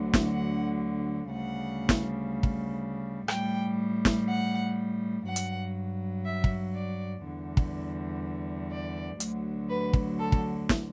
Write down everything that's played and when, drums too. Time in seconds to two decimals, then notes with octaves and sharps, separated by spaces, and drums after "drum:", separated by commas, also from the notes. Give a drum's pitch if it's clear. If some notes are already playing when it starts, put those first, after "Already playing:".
Already playing: D2 D3 F#3
0.14 drum: snare
0.33 F#5
1.31 D2 C#3 G3 F#5
1.89 drum: snare
2.43 drum: kick
3.28 A2 G3 G5, drum: rim click
4.05 drum: snare
4.28 F#5
5.26 G2 F#3 F#5
5.36 drum: hi-hat
6.25 E5
6.44 drum: kick
6.74 D5
7.24 E2 D3 G3
7.57 drum: kick
8.71 D5
9.20 D2 D3 F#3, drum: hi-hat
9.70 B4
9.93 drum: kick
10.19 A4
10.32 drum: kick
10.69 drum: snare